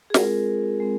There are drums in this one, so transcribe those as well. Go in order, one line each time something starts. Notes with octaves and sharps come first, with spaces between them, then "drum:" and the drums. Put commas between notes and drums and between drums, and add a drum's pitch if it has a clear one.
G#4
G#3 C4 F4 A#4, drum: snare
G#3 C4